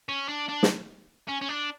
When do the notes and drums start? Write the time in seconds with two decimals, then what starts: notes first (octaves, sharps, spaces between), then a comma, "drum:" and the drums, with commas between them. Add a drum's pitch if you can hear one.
0.09 C#4
0.29 D4
0.49 D4
0.63 drum: snare
1.29 C#4
1.42 C#4
1.49 D4